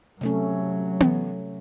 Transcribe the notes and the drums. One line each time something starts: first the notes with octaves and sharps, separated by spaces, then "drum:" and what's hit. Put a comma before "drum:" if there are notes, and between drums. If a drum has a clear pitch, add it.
C3 F#3 A3 C#4
drum: tom B3